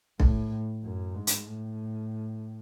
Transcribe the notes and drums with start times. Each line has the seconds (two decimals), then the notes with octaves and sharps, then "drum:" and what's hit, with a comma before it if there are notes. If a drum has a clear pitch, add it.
0.20 A2, drum: kick B1
0.83 F#2
1.15 G#2
1.27 drum: hi-hat
1.47 A2